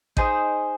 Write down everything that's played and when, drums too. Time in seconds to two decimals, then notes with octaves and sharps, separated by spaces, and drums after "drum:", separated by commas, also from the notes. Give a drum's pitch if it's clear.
0.17 D#4 G#4 C5, drum: kick A1